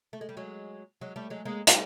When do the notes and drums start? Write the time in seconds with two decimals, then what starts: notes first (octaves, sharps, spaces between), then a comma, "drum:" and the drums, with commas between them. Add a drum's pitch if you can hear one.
0.13 A3
0.21 G#3
0.29 G3
0.37 F#3 G#3
1.01 F#3 G#3
1.16 G3 A3
1.30 F#3 G#3
1.45 G#3 A#3
1.67 G3 A3, drum: hi-hat